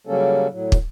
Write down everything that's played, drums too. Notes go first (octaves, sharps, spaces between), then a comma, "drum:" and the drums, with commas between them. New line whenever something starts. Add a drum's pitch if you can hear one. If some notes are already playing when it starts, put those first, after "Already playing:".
C#3 F#3 G3 A#3 C#4 A4
A2 F#3
drum: kick